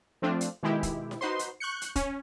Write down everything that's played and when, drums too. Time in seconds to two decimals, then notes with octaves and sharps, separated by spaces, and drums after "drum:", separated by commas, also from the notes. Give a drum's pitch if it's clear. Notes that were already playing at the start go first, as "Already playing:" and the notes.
0.22 F3 A3 C4 D4 F4
0.41 drum: hi-hat
0.63 B2 D#3 G#3 E4 G4
0.83 drum: kick, hi-hat
1.11 drum: snare E4
1.21 D#4 F#4 B4 C5 C6
1.39 drum: hi-hat
1.60 C#6 F#6 G6 C#7
1.81 drum: hi-hat
1.96 C#4, drum: kick, hi-hat